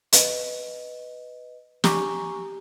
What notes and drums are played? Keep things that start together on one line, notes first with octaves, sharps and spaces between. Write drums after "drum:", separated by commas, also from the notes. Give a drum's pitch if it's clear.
B4 D#5, drum: hi-hat
G4 G#5 A#5 C#6, drum: snare